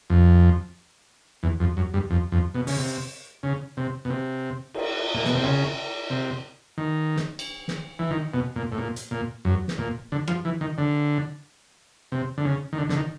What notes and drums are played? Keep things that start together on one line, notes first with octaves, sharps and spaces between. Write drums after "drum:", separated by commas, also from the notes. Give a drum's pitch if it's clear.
F2
E2
F2
F#2
G2
F2
F2
B2
C#3, drum: open hi-hat
C3
C#3
C3
B2
C3
drum: cymbal
A#2
B2, drum: snare
C3
C#3
C3
D#3
drum: snare
drum: cymbal
drum: snare
E3
D#3
B2
A#2
A2
A#2
drum: hi-hat
A#2
F#2
drum: snare
A#2
D3
F3, drum: rim click
E3
D#3
D3
C3
D3
C#3
D#3
D3
D3, drum: snare
D#3